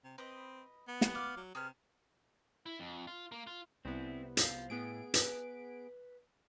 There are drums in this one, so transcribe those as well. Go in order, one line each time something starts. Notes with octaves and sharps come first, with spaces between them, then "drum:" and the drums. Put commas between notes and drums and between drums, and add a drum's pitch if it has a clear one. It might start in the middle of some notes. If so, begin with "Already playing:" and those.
C3
C4 B4 D#5
B3
drum: snare
D5 F5
F#3
C3 G#4 B4 F6
E4
F2
F4
A#3
F4
C2 B3 C4 E4
C5 F5, drum: hi-hat
A2 B3 G#4 D7
B4, drum: hi-hat